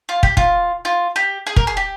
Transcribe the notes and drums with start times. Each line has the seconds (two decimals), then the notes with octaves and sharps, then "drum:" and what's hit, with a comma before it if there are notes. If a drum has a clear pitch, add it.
0.09 F4
0.23 G4, drum: kick
0.37 F4, drum: kick
0.85 F4
1.16 G4
1.47 G#4
1.56 A#4, drum: kick
1.67 G#4
1.77 G4